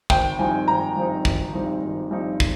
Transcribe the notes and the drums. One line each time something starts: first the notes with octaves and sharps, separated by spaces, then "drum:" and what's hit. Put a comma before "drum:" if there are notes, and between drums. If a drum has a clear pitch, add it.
G#1 G5, drum: kick
G2 F3 C4 D#4 G#5
G#1 A#5
G2 F3 C4 D#4
G#1, drum: kick
G2 F3 C4 D#4
G#1
G2 F3 C4 D#4
drum: kick